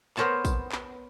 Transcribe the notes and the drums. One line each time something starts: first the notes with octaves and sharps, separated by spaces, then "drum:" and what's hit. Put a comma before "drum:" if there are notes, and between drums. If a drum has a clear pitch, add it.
B3 A#4 C5 C#5 A5, drum: clap
drum: kick, tambourine
drum: clap